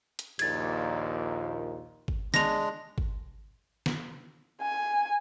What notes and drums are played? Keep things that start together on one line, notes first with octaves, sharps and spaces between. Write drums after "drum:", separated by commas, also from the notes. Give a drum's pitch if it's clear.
drum: hi-hat
A#1 D#2 A#2 G#6 A6, drum: cymbal
drum: kick G#1
G#3 D4 A#6 F7, drum: snare
drum: kick G#1
drum: snare
G#5